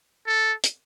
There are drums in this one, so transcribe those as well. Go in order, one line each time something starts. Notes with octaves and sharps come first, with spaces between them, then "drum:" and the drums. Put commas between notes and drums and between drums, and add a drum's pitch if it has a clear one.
A4
drum: hi-hat